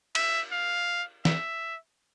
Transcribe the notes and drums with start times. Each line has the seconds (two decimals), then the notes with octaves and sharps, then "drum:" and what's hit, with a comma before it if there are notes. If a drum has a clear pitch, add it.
0.15 E5, drum: cymbal
0.52 F5
1.25 E5, drum: snare